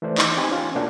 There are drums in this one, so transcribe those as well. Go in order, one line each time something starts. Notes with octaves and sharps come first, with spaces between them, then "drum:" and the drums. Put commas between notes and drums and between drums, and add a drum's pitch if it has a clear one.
E3 A3 C5 D5
D#4, drum: clap
C4 G4 G#5 B5
C#4 F4
B2 A3 A#3 D4 F#4